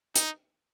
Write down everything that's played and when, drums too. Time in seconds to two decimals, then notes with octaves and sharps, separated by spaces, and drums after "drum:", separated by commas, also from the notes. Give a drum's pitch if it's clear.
0.16 D#4, drum: hi-hat